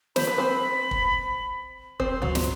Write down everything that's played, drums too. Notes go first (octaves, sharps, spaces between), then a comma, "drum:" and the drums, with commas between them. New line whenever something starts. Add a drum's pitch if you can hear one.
C5 B5, drum: snare
B4
C4 C5
drum: kick
C4 C5 C6, drum: kick
F#3 F#4, drum: tom
drum: snare